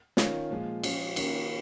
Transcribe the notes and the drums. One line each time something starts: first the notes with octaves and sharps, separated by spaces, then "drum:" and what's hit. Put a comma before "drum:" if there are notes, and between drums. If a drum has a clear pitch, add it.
D#3 C#4 F4, drum: snare
A#2 F3 G#3 F4
F3 C#4 F4, drum: cymbal
D#3 A#3 C#4 F4, drum: cymbal